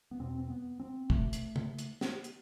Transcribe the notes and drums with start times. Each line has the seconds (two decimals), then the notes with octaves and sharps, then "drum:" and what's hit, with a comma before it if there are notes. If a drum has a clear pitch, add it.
0.11 B3
0.19 E2 B2 C4
0.38 C4
0.50 B3
0.80 C4
1.10 B2 A3, drum: kick
1.33 drum: hi-hat
1.56 drum: tom
1.79 drum: hi-hat
2.01 drum: snare
2.24 drum: hi-hat